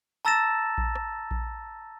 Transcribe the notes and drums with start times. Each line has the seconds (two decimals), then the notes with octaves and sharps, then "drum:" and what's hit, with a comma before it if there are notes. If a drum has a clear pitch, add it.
0.25 A5 A#5 E6 A6 A#6 E7
0.78 drum: kick A#1
0.95 drum: rim click
1.31 drum: kick A#1